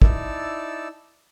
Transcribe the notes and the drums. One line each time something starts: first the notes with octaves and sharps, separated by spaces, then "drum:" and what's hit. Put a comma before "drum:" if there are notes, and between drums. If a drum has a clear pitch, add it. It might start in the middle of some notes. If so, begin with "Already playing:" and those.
D#4 E4 D5 A5 E6, drum: kick